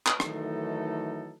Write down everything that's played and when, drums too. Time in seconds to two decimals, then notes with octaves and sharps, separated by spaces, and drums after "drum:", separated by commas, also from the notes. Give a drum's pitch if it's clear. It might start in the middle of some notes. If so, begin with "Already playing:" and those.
0.07 drum: clap
0.20 D#3 E3 F#3 A3 D#4 A4, drum: rim click